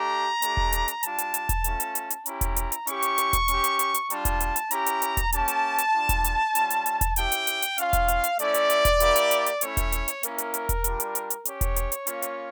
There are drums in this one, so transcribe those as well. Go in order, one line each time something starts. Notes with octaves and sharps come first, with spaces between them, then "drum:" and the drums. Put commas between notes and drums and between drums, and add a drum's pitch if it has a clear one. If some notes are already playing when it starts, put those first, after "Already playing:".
Already playing: A3 D4 G4 A#5
A3 D4 G4, drum: hi-hat
drum: kick E1
drum: hi-hat
drum: hi-hat
G3 D4 F4 A5, drum: hi-hat
drum: hi-hat
drum: hi-hat
drum: kick E1, hi-hat
A3 C#4 F4, drum: hi-hat
drum: hi-hat
drum: hi-hat
drum: hi-hat
C#4 E4 G4 A#5, drum: hi-hat
drum: kick E1, hi-hat
drum: hi-hat
drum: hi-hat
C#4 E4 G4 C#6, drum: hi-hat
drum: hi-hat
drum: hi-hat
drum: kick E1, hi-hat
C#4 G4, drum: hi-hat
drum: hi-hat
drum: hi-hat
drum: hi-hat
G3 D4 F4 A5, drum: hi-hat
drum: kick E1, hi-hat
drum: hi-hat
drum: hi-hat
C#4 E4 G4 A#5, drum: hi-hat
drum: hi-hat
drum: hi-hat
drum: kick E1, hi-hat
A#3 C#4 G4 A5, drum: hi-hat
drum: hi-hat
drum: hi-hat
G3 D4 F4
drum: kick E1, hi-hat
drum: hi-hat
G3 C#4 F4, drum: hi-hat
drum: hi-hat
drum: hi-hat
drum: kick E1, hi-hat
C#4 E4 G4 G5, drum: hi-hat
drum: hi-hat
drum: hi-hat
drum: hi-hat
C#4 F4 F5, drum: hi-hat
drum: kick E1, hi-hat
drum: hi-hat
drum: hi-hat
A3 C#4 E4 D5, drum: hi-hat
drum: hi-hat
drum: hi-hat
drum: kick E1, hi-hat
A#3 E4 G4, drum: hi-hat
drum: hi-hat
drum: hi-hat
drum: hi-hat
A3 C#4 E4 C#5, drum: hi-hat
drum: kick E1, hi-hat
drum: hi-hat
drum: hi-hat
A#3 C#4 E4 A#4, drum: hi-hat
drum: hi-hat
drum: hi-hat
drum: kick E1, hi-hat
G3 D4 F4, drum: hi-hat
drum: hi-hat
drum: hi-hat
drum: hi-hat
C#4 G4 C#5, drum: hi-hat
drum: kick E1, hi-hat
drum: hi-hat
drum: hi-hat
A#3 C#4 F4, drum: hi-hat
drum: hi-hat